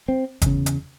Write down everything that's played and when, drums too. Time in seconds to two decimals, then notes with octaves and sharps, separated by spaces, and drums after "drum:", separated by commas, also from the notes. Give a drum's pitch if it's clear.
0.08 C4
0.42 E2 C#3, drum: kick G1, hi-hat
0.66 drum: hi-hat